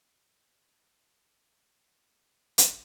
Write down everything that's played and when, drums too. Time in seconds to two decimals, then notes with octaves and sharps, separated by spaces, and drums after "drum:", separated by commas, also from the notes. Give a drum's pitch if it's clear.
0.12 E4 C5 A5 E6
2.58 drum: hi-hat